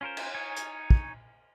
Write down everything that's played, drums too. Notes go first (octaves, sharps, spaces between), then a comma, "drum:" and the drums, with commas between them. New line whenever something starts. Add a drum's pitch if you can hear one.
C#4 F4 A#4 C5
drum: cymbal
D#4 C#5 G#5
drum: hi-hat
drum: kick